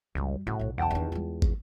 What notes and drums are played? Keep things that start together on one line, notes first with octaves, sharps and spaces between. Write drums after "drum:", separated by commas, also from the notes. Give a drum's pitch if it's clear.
C#2 F#2 G3
A2 C#3 F#4
B1 C#3
E2 F#5 G5 A5
D#2 D3
G#3 F4
drum: kick